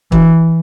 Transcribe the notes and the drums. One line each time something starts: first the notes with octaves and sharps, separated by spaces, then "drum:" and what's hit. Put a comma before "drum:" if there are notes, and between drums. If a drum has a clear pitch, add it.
E3, drum: kick